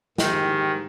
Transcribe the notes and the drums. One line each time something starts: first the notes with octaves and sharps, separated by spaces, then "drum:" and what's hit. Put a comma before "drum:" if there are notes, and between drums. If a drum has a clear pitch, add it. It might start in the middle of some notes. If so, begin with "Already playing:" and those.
G#2 D#3 G4, drum: snare